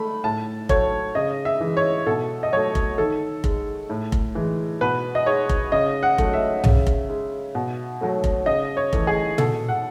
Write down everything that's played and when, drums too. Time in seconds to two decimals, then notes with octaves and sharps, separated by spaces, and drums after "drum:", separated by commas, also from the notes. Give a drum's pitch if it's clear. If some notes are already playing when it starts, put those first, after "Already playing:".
Already playing: A3 B5
0.24 A2 A5
0.69 F#3 A3 C#5, drum: kick F1
1.15 C#3 D#5
1.45 E5
1.60 E3 G#3
1.77 C#5
2.06 B2 A4
2.43 D#5
2.52 F#3 A3 C#5
2.75 drum: kick F1
2.98 D#3 A4
3.44 G#3, drum: kick F1
3.90 A2
4.12 drum: kick F1
4.35 E3 G#3
4.81 B2 B4
5.15 D#5
5.26 G#3 C#5
5.49 drum: kick F1
5.72 C#3 D#5
6.03 F#5
6.18 F#3 A3, drum: kick F1
6.33 E5
6.64 C#3, drum: tom B1
6.87 drum: kick F1
7.09 G#3
7.55 B2
8.01 F#3 A3
8.24 drum: kick F1
8.46 C#3 D#5
8.77 C#5
8.93 E3 A3, drum: kick F1
9.07 G#4
9.38 B2 A4, drum: tom A#2
9.69 F#5